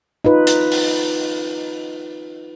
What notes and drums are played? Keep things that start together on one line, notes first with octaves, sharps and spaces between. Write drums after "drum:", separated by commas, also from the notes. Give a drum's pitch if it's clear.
D#4 F4 B4
drum: hi-hat
drum: open hi-hat